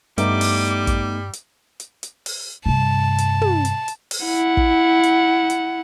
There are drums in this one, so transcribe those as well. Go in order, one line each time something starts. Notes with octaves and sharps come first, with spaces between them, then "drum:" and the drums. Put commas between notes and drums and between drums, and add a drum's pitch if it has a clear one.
G2 G3 A3 B3 D#4 D6, drum: hi-hat
drum: open hi-hat
drum: kick, hi-hat
drum: hi-hat
drum: hi-hat
drum: hi-hat
drum: open hi-hat
G2 C3 A5
drum: hi-hat
drum: tom
drum: hi-hat
drum: hi-hat
drum: open hi-hat
E4 F#5
drum: kick
drum: hi-hat
drum: hi-hat